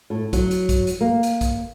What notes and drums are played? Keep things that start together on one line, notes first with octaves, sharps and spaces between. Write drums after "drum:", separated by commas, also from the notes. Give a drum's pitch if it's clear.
A2
F#3, drum: kick A#1, hi-hat
drum: hi-hat
drum: kick A#1, hi-hat
drum: hi-hat
A#3
drum: hi-hat
drum: kick A#1, hi-hat